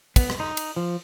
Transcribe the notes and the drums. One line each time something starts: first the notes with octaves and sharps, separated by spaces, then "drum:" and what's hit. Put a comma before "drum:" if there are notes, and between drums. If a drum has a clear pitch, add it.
B3, drum: kick, cymbal
drum: rim click
D#4
drum: cymbal
F3